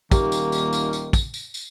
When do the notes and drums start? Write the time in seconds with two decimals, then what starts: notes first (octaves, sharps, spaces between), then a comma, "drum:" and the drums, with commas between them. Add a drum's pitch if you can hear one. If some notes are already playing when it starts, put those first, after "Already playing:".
0.11 D#1 D#3 A#3 G4, drum: kick, tambourine
0.32 drum: tambourine
0.52 drum: tambourine
0.73 drum: tambourine
0.93 drum: tambourine
1.13 drum: kick, tambourine
1.34 drum: tambourine
1.54 drum: tambourine